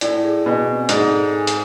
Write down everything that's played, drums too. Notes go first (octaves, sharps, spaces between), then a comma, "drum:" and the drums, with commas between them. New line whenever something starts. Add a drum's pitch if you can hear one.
A2 D5, drum: hi-hat
G#4
B2 G#5
C4
G#2 D5, drum: hi-hat
A4
G#5
drum: hi-hat